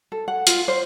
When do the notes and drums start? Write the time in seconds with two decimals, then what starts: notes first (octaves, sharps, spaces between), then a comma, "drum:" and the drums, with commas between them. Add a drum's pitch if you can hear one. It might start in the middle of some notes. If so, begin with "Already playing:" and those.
0.12 A4
0.28 F#5
0.47 F4, drum: hi-hat
0.68 C5